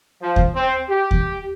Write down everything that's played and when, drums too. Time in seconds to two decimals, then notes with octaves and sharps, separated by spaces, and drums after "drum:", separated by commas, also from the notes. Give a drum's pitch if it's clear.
0.22 F3
0.36 drum: kick D#2
0.55 C4
0.89 G4
1.11 drum: kick D#2